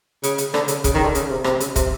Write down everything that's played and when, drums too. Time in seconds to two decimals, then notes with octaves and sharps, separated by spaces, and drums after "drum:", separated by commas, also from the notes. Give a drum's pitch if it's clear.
0.23 C#3, drum: hi-hat
0.38 drum: hi-hat
0.54 D3, drum: rim click
0.68 C#3, drum: hi-hat
0.84 C#3, drum: kick, hi-hat
0.94 D#3
1.03 D3
1.15 C#3, drum: hi-hat
1.30 C3
1.44 C3, drum: rim click
1.60 C#3, drum: hi-hat
1.76 C3, drum: kick, hi-hat